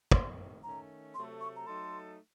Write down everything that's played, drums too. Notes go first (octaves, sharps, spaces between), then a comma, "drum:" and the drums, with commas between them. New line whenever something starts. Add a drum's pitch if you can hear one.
C3 D#3 A3 C6, drum: kick
D#3 A3 C#4 A#5
C3 F#3 A3 C6
C#6
A#5
F#3 A3 D#4 A4 C6